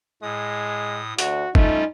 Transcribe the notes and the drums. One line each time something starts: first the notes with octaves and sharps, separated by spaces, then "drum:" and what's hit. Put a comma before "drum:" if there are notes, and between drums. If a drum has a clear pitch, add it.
A2 G#3 D#6
D2 F#4, drum: hi-hat
G3 A3 C#4 D#4 F4, drum: kick